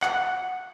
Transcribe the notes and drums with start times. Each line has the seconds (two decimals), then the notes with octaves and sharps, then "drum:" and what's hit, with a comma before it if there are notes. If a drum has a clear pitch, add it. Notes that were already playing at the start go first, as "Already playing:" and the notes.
0.03 F#5, drum: clap